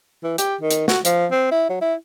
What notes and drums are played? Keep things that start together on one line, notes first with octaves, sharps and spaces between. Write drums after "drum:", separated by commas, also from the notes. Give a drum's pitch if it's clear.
E3
G4, drum: hi-hat
D#3
drum: hi-hat
F#4, drum: snare
F3, drum: hi-hat
C4
E4
F#3
E4